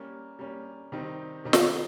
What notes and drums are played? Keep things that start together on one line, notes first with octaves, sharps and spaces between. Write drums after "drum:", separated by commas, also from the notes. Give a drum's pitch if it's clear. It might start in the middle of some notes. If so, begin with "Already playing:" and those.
Already playing: G3 A#3 C#4
G3 A#3 C#4
C3 D#3 G3 C4 D#4
C3 D#3 G3 C4 D#4
drum: snare